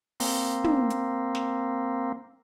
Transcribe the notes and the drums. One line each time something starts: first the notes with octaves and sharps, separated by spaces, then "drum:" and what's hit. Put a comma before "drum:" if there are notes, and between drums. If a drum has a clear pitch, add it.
A#3 C4, drum: open hi-hat
drum: tom
drum: hi-hat
drum: snare